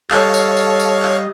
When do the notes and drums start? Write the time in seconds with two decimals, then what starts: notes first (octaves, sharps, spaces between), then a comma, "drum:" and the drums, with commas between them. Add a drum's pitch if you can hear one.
0.11 G3 A4 C#5 D#5 F5, drum: clap
0.34 drum: tambourine
0.57 drum: tambourine
0.80 drum: tambourine
1.02 drum: clap